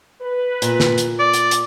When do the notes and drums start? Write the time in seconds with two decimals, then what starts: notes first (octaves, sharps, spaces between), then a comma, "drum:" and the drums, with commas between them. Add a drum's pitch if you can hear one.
0.21 B4
0.62 A#2, drum: hi-hat
0.80 drum: snare
0.98 drum: hi-hat
1.20 D5
1.33 drum: hi-hat
1.51 drum: hi-hat